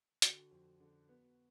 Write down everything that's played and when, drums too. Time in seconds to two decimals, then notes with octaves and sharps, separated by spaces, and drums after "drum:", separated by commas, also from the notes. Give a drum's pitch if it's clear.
0.22 D3 F#4, drum: hi-hat
0.51 F2
0.80 D3
1.09 B3